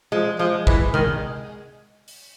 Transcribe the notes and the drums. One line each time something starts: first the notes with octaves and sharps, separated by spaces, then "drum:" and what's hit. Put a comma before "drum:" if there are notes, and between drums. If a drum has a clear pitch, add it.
F3 G#3
F3 G#3
E3, drum: kick
D#3, drum: tom C3
drum: open hi-hat